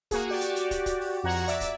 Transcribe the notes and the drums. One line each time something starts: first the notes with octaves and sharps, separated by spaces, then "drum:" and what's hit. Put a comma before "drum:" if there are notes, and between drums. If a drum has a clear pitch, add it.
A#3 F#4 G#4, drum: kick, hi-hat
F#4 G4 D5
drum: hi-hat
drum: hi-hat
drum: kick, hi-hat
drum: kick, hi-hat
drum: open hi-hat
F2 F#4 F#5 A#5 G#6
D5 E5, drum: hi-hat
drum: kick, hi-hat